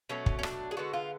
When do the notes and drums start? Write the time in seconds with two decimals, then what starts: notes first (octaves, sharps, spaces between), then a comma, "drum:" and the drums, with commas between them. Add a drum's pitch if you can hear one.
0.09 B2 F#3 A3 C#4
0.26 drum: kick
0.39 C#4
0.43 D4, drum: rim click
0.71 G#4
0.77 D3 G#3 B3 F#4
0.93 F4